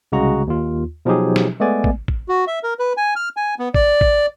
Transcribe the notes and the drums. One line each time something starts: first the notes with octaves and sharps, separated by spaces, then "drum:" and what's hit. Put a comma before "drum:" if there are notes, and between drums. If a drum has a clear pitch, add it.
C2 C#3 G#3 F#4 A#5 C#6
D#2 F4
B2 F3 F#3 D#4 G4 G#4
drum: snare
G#3 A3 B3 D5 G#5
drum: kick
drum: kick
F#4
E5
A#4
B4
G#5
F6
G#5
B3
D5, drum: kick
drum: kick